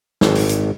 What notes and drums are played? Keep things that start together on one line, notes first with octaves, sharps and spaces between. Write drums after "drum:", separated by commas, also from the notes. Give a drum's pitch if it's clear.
G#1, drum: snare
drum: open hi-hat
drum: hi-hat